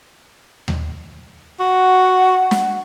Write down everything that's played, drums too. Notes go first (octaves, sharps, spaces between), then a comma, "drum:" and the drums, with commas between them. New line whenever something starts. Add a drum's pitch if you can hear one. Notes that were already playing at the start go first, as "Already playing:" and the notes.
drum: tom D#2
F#4 F#5
drum: snare